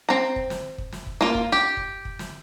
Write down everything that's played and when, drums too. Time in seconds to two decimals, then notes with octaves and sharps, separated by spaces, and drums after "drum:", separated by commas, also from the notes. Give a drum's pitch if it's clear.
0.09 C4 A#5
0.36 drum: kick
0.50 drum: snare
0.78 drum: kick
0.92 drum: snare
1.07 drum: kick
1.21 A#3 F4
1.35 drum: kick
1.52 G4
1.77 drum: kick
2.05 drum: kick
2.19 drum: snare